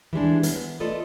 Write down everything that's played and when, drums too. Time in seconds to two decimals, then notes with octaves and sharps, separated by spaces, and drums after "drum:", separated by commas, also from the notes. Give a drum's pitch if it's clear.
0.13 E3 G3 G#3 D4
0.43 B3, drum: hi-hat
0.80 A3 F4 A4 B4 D5 D#5